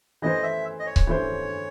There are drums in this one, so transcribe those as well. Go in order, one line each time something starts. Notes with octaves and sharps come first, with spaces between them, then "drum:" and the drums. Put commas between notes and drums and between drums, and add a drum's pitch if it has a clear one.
E3 A3 C#4 E4 C5 D#5
E5
D#5
C#5
drum: kick C#1
E3 A3 C#4 E4 C5